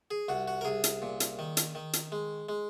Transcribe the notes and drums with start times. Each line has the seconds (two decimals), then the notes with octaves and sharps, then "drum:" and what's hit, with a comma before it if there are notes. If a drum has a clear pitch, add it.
0.11 G#4
0.28 C2 F#4
0.48 F#4
0.61 A#4
0.65 C2 G#4
0.84 drum: hi-hat
1.02 A#2
1.20 drum: hi-hat
1.39 D#3
1.57 drum: hi-hat
1.75 D#3
1.93 drum: hi-hat
2.12 G#3
2.49 G#3